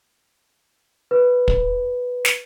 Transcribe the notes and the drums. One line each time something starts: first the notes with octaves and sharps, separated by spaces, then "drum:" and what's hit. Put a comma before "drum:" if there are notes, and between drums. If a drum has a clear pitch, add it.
B4
drum: kick
drum: snare